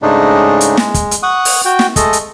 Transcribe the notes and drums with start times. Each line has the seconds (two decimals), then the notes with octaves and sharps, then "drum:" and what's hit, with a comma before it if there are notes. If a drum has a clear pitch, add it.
0.02 G#2 C#3 G#3 A3 D4 D#4
0.61 drum: hi-hat
0.77 G#3, drum: snare
0.94 drum: kick, hi-hat
1.11 drum: hi-hat
1.23 F#5 C#6 D#6
1.45 drum: open hi-hat
1.65 F#4 G5
1.79 drum: snare
1.96 G#3 A3 A4 D#5, drum: kick, hi-hat
2.13 drum: hi-hat